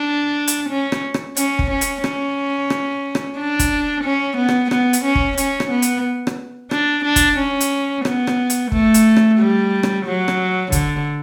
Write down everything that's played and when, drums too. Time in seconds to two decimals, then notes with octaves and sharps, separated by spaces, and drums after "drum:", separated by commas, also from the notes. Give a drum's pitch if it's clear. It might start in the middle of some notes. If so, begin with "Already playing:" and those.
Already playing: D4
0.47 drum: hi-hat
0.69 C#4
0.92 drum: rim click
1.14 drum: rim click
1.37 C#4, drum: hi-hat
1.59 drum: kick
1.71 C#4
1.81 drum: hi-hat
2.04 C#4, drum: rim click
2.70 drum: rim click
3.15 drum: rim click
3.38 D4
3.59 drum: kick, hi-hat
4.04 C#4
4.37 B3
4.49 drum: rim click
4.71 B3, drum: rim click
4.93 drum: hi-hat
5.05 C#4
5.15 drum: kick
5.37 C#4, drum: hi-hat
5.60 drum: rim click
5.71 B3
5.82 drum: hi-hat
6.27 drum: rim click
6.71 D4, drum: rim click
7.05 D4
7.16 drum: kick, hi-hat
7.38 C#4
7.61 drum: hi-hat
8.05 B3, drum: rim click
8.27 drum: rim click
8.50 drum: hi-hat
8.72 A3, drum: kick
8.94 drum: hi-hat
9.16 drum: rim click
9.39 G3
9.83 drum: rim click
10.06 F#3
10.28 drum: rim click
10.72 D3, drum: kick, hi-hat